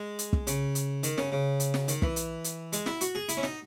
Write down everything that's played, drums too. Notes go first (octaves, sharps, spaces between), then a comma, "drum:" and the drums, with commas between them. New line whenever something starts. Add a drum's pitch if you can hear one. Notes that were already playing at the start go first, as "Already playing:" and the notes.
Already playing: G#3
drum: hi-hat
drum: kick
C#3, drum: hi-hat
drum: hi-hat
D#3, drum: hi-hat
C#3, drum: snare
C#3
drum: hi-hat
drum: snare
D#3, drum: hi-hat
E3, drum: kick
drum: hi-hat
drum: hi-hat
G#3, drum: hi-hat
E4, drum: snare
F#4, drum: hi-hat
G#4
E4, drum: hi-hat
C#4
D#4, drum: snare